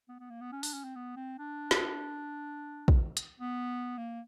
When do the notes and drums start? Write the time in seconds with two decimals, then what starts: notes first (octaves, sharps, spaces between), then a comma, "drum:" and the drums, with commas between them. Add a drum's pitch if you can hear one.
0.09 B3
0.20 B3
0.30 A#3
0.41 B3
0.52 C#4
0.63 D4, drum: open hi-hat
0.74 C#4
0.84 C4
0.96 B3
1.16 C4
1.39 D4
1.71 drum: snare
2.88 drum: kick
3.17 drum: hi-hat
3.40 B3
3.98 A#3